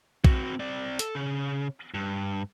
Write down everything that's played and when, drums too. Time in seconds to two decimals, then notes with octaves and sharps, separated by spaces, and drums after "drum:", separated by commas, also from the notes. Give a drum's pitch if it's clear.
0.24 C4 F#4, drum: kick
0.60 C4 D5
0.99 A4, drum: hi-hat
1.15 C#3
1.94 G2